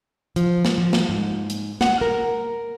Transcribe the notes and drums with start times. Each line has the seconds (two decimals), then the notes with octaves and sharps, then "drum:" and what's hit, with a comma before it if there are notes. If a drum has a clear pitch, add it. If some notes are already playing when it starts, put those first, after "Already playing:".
0.36 F3, drum: hi-hat
0.65 drum: snare
0.78 F3
0.93 drum: snare
1.09 G#2
1.50 drum: hi-hat
1.81 F#5, drum: snare
2.01 A#4